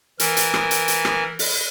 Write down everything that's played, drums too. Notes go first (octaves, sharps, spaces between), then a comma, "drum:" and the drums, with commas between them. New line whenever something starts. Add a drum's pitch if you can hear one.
E3 A#4, drum: hi-hat
drum: hi-hat
drum: rim click
drum: hi-hat
drum: hi-hat
drum: rim click
drum: open hi-hat